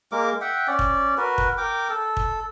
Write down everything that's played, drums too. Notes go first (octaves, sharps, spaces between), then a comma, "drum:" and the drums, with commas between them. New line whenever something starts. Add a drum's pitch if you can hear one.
G#3 A#3 A#4 D6
E5 F#5 G5
C#4 D5
drum: kick
F#4 A#4 B4
drum: kick
A#4 G5 D6
A4
drum: kick